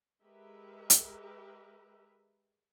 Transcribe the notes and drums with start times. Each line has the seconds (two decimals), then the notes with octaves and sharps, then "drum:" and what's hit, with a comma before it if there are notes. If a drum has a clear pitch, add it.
0.22 G#3 G4 A#4 B4 E5
0.90 drum: hi-hat